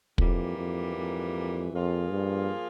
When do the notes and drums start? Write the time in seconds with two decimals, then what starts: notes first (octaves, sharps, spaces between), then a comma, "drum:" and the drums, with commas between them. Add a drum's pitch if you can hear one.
0.18 F2 G#2 E3 G3 A#3, drum: kick
0.57 F2
0.96 F2
1.72 F2 F3 A#3 F4 G#4
2.11 G2